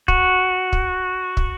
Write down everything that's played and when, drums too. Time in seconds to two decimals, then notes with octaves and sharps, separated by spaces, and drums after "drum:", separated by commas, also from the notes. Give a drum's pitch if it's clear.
0.08 F#4, drum: kick
0.73 drum: kick
1.37 drum: kick